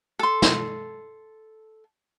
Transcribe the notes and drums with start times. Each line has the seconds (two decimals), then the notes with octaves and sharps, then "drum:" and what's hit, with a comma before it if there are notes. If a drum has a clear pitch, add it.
0.19 A4 C6
0.42 drum: snare